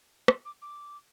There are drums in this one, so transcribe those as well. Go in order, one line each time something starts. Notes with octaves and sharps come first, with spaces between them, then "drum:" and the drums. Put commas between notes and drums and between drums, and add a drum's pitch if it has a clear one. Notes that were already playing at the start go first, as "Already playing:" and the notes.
C6, drum: rim click
D6
D6